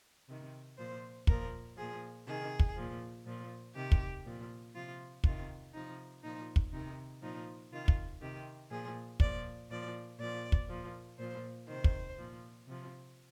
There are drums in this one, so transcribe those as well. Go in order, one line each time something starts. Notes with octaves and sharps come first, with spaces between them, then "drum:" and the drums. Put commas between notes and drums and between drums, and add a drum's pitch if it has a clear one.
C3 D#3
A#2 F3 C5
A#2 F3 A#4, drum: kick
A#2 F3 G#4
C3 D#3 G#4
drum: kick
A#2 F3
A#2 F3
C3 D#3 G4
drum: kick
A#2 F3
C3 F3 F4
C3 D#3 F4, drum: kick
C3 F3 D#4
A#2 F3 D#4
drum: kick
C3 D#3 D#4
A#2 F3 D#4
C3 D#3 F4
drum: kick
C3 D#3 G4
A#2 F3 G#4
A#2 F3 D5, drum: kick
A#2 F3 D5
A#2 F3 D5
drum: kick
A#2 F3
A#2 F3 C5
C3 D#3 C5
drum: kick
A#2 F3
C3 F3